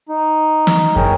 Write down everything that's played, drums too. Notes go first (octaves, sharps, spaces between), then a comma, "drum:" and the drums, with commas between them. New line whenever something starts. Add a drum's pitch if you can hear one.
D#4
drum: snare
E2 G#3 G#4 A#4 C#5 G5, drum: kick